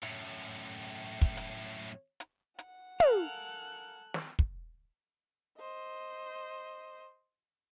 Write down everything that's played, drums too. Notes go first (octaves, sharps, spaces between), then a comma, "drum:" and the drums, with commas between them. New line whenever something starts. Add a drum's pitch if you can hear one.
F#2 A2, drum: hi-hat
drum: kick
drum: hi-hat
drum: hi-hat
F#5, drum: hi-hat
A4 A#4 F5 G#5 F#6, drum: tom
drum: snare
drum: kick
C5 D#5